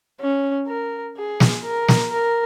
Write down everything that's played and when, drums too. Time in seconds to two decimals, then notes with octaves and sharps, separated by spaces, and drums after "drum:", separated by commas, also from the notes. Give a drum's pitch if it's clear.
0.20 C#4
0.67 A#4
1.17 G#4
1.40 drum: snare
1.65 A#4
1.88 drum: snare
2.12 A#4